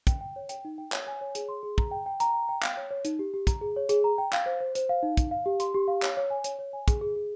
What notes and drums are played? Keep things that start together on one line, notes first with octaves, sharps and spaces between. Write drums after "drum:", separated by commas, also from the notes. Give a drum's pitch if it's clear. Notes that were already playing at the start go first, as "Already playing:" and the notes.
G5, drum: kick, hi-hat
G5
C#5
G5, drum: hi-hat
D#4
G5
C#5, drum: clap
G#5
C#5
G#4, drum: hi-hat
C6
G#4
A#5, drum: kick
G5
G5
A#5, drum: hi-hat
G5
G5
F5, drum: clap
C#5
C#5
D#4, drum: hi-hat
G4
G4
A#5, drum: kick, hi-hat
G#4
C#5
G#4, drum: hi-hat
A#5
G5
F5, drum: clap
C5
C5
C5, drum: hi-hat
F5
D#4
F5, drum: kick, hi-hat
F5
G4
C6, drum: hi-hat
G4
F5
C#5, drum: clap
C#5
G#5
C#5, drum: hi-hat
C#5
G#5
G#4, drum: kick, hi-hat
G#4
G#4